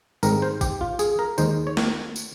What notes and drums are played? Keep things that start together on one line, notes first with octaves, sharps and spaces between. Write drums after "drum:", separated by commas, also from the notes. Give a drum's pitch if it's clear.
G#1 G#2 G3 A#4, drum: tambourine
C5
G4, drum: kick A1, tambourine
F4
G#4, drum: tambourine
A#4
D#2 D#3 G#3 D#4 C5, drum: tambourine
C#5
drum: snare
drum: tambourine